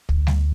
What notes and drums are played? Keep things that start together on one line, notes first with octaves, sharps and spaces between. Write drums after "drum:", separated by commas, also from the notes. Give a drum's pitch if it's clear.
D2, drum: kick
drum: snare G3